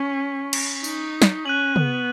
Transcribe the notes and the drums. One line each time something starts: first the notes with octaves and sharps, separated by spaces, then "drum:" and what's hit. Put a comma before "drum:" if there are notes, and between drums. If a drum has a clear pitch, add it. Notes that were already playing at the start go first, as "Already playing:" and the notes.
Already playing: C#4 C#6 B6
drum: cymbal
D#4, drum: tambourine
drum: snare
C#4 F#6 D#7 F#7
B3, drum: tom